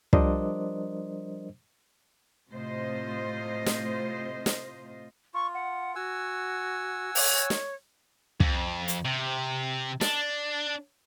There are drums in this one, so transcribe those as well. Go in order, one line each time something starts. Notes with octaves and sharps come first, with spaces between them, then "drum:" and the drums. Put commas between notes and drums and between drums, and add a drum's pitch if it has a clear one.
F3 G3 D4 A#4 C5 D#5, drum: kick
A2 C3 A3 F4 C5 D#5
drum: snare
drum: snare
F4 C#6
F#5
F#4 F#5 G#5 E6
C#5, drum: open hi-hat
drum: snare
F2, drum: kick
drum: hi-hat
C3
D4, drum: snare